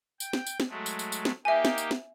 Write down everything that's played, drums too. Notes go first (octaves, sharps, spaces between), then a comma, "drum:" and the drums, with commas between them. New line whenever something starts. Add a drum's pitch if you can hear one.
G5, drum: tambourine
drum: snare
drum: tambourine
drum: snare
F#3 G#3 A3
drum: tambourine
drum: tambourine
drum: tambourine
drum: snare
A#3 D#4 G4 E5 G#5
drum: snare
drum: tambourine
drum: snare